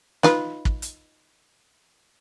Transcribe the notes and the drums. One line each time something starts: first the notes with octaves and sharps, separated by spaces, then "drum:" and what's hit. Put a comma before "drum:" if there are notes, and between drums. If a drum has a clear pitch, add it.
D#4 F4 B4, drum: snare
drum: kick
drum: hi-hat